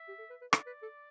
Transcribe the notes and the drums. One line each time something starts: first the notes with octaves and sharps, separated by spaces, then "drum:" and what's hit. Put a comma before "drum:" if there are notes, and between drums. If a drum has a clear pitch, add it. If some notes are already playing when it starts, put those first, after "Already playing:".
Already playing: E5
G4
A4
B4
B4
A4 D5, drum: rim click
B4
A4